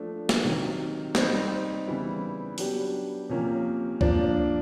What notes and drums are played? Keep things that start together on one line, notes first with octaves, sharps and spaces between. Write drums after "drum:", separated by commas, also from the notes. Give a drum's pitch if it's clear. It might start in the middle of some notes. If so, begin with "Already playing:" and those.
Already playing: F3 A3 D4
drum: snare
C3 D#3 F#3
G3 C4 D#4, drum: snare
C#3 E3 G3 B3 E4
F#3 B3 D4 G4, drum: open hi-hat
C3 F3 A#3 C#4
F3 A#3 D4, drum: kick